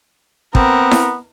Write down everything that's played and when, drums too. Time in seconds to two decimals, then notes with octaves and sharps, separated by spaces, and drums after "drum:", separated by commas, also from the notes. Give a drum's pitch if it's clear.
0.55 B3 C4 A#4, drum: kick
0.91 drum: snare E4